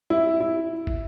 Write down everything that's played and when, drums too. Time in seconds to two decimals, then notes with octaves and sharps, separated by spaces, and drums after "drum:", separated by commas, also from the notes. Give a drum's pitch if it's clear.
0.10 E4
0.40 E4
0.87 drum: kick